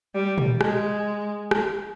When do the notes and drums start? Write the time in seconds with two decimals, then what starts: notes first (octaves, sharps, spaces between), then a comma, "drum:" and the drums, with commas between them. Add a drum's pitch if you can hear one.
0.15 G3
0.38 drum: tom A#2
0.61 G#3, drum: rim click
1.51 drum: rim click